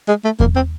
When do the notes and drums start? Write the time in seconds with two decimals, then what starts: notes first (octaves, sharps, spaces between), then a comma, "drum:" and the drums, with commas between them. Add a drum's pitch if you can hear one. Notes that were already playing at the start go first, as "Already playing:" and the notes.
0.08 G#3
0.25 A3
0.40 A#3, drum: kick E2
0.56 C4